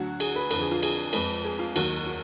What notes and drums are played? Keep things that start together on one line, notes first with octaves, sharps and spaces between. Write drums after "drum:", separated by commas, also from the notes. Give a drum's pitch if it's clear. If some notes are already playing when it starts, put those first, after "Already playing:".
Already playing: D2 D3 F#3 F#4
G#4, drum: cymbal
B4
F2 D3 F3 B4, drum: cymbal
G#4
F4
G#4, drum: cymbal
F2 F3 G#3 B4, drum: cymbal
G#4
F4
D#2 D#3 F#3 F#4, drum: cymbal
F#4